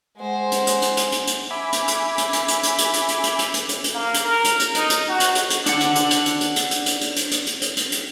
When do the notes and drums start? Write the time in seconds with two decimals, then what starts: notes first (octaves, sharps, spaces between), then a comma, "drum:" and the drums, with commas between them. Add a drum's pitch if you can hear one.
0.18 G#3 C5 F#5
0.52 drum: hi-hat
0.67 drum: hi-hat
0.82 drum: hi-hat
0.97 drum: hi-hat
1.12 drum: hi-hat
1.27 drum: hi-hat
1.50 E5 G#5 B5 D6
1.73 drum: hi-hat
1.88 drum: hi-hat
2.18 drum: hi-hat
2.33 drum: hi-hat
2.48 drum: hi-hat
2.63 drum: hi-hat
2.78 drum: hi-hat
2.93 drum: hi-hat
3.08 drum: hi-hat
3.24 drum: hi-hat
3.39 drum: hi-hat
3.54 drum: hi-hat
3.69 drum: hi-hat
3.84 drum: hi-hat
3.94 A#3
4.14 drum: hi-hat
4.24 A#4
4.44 drum: hi-hat
4.60 drum: hi-hat
4.75 D#4, drum: hi-hat
4.90 drum: hi-hat
5.08 F#4
5.20 drum: hi-hat
5.35 drum: hi-hat
5.50 drum: hi-hat
5.66 D4 F#5, drum: hi-hat
5.80 drum: hi-hat
5.95 drum: hi-hat
6.11 drum: hi-hat
6.26 drum: hi-hat
6.41 drum: hi-hat
6.56 drum: hi-hat
6.71 drum: hi-hat
6.86 drum: hi-hat
7.01 drum: hi-hat
7.16 drum: hi-hat
7.31 drum: hi-hat
7.46 drum: hi-hat
7.62 drum: hi-hat
7.77 drum: hi-hat
7.92 drum: hi-hat